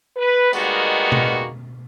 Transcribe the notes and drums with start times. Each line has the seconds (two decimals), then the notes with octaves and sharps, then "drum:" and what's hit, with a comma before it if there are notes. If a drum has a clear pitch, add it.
0.17 B4
0.53 D#3 G3 G#3 A#3 B3 F#4, drum: tambourine
1.12 drum: tom B2